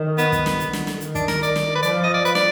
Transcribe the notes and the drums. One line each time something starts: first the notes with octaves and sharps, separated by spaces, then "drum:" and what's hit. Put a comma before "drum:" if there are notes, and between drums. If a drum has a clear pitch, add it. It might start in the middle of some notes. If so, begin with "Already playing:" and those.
Already playing: D#3
B3, drum: hi-hat
drum: kick, hi-hat
drum: snare
D3, drum: hi-hat
drum: snare
drum: snare
D#3, drum: hi-hat
D4, drum: kick, hi-hat
A#4, drum: snare
D5, drum: hi-hat
drum: snare
B4
F3 D5, drum: hi-hat
D#5
D5
B4, drum: hi-hat
D5, drum: snare